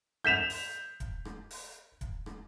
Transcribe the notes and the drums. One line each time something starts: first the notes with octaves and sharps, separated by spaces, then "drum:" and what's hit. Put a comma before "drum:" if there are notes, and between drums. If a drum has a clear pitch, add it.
G6 B6 E7 F7, drum: rim click
drum: open hi-hat
drum: kick D#1, hi-hat
drum: rim click
drum: open hi-hat
drum: kick D#1, hi-hat
drum: rim click